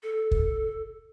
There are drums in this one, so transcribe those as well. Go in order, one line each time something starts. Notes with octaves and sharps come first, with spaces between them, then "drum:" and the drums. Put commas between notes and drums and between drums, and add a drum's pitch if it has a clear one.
A4
drum: kick